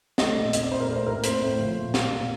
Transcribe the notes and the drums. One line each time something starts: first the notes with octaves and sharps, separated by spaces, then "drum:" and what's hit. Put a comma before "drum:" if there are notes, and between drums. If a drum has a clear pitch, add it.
A3 D#5, drum: snare
A#2
C4 D#5, drum: hi-hat
D5
A#2 C5
A#4
A3
C5
A2 A#4
C4 C5, drum: hi-hat
A2
F3
A#2
A#3, drum: snare
A#2